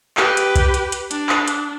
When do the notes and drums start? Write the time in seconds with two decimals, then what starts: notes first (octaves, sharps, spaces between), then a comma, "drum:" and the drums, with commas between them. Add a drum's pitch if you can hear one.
0.17 G4 B4, drum: clap
0.37 drum: hi-hat
0.56 drum: kick C2, hi-hat
0.74 drum: hi-hat
0.92 drum: hi-hat
1.11 D4, drum: hi-hat
1.29 drum: clap
1.48 drum: hi-hat